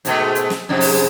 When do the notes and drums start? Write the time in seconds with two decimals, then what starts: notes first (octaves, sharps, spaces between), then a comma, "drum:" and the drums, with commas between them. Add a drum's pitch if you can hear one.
0.05 G#2 B2 A3, drum: hi-hat
0.35 drum: hi-hat
0.50 drum: snare
0.69 F2 G#2 C3
0.81 drum: open hi-hat